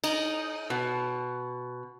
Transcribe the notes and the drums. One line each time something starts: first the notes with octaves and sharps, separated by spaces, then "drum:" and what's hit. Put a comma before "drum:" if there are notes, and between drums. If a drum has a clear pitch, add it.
D#4, drum: cymbal
B2